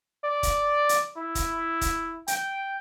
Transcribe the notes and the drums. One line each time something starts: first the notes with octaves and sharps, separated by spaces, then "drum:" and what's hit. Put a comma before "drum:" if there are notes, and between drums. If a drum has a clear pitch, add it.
D5
drum: kick, hi-hat
drum: hi-hat
E4
drum: kick, hi-hat
drum: kick, hi-hat
G5, drum: hi-hat